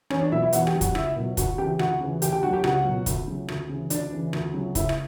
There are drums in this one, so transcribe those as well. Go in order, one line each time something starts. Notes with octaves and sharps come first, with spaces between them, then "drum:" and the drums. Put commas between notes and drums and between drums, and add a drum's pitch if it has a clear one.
E2 C#4 C#5, drum: rim click
D4 D5
B2 F#3 E4 E5
E4 E5
E2 F#4 F#5, drum: hi-hat
G4 G5, drum: rim click
D3 F#3
F#4 F#5, drum: kick, hi-hat
C#2 E4 E5, drum: rim click
B2 F#3
D2 F#4 F#5, drum: kick, hi-hat
C#3 E3 G4 G5
D2 F#4 F#5, drum: rim click
C#3 E3
D2 G4 G5, drum: hi-hat
G4 G5
D3 F#3 F#4 F#5
G4 G5
C#2 F#4 F#5, drum: rim click
B2 F#3
D2, drum: kick, hi-hat
C#3 F#3
D2, drum: rim click
C#3 E3
D2 D4 D5, drum: hi-hat
C#3 E3
D2, drum: rim click
C#3 F#3
C#2 E4 E5, drum: kick, hi-hat
drum: rim click